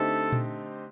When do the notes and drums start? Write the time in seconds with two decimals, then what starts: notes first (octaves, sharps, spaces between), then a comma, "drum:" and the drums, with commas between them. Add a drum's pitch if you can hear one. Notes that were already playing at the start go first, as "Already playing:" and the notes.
Already playing: D3 A3 C4 D#4 G4 A4
0.32 drum: tom A#2